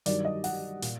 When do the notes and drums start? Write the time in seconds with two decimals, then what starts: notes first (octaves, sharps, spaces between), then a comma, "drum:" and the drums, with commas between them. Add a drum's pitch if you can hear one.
0.06 G2 D#3 F#3 D5, drum: hi-hat
0.25 D#5
0.44 F#5, drum: open hi-hat
0.82 A#2, drum: hi-hat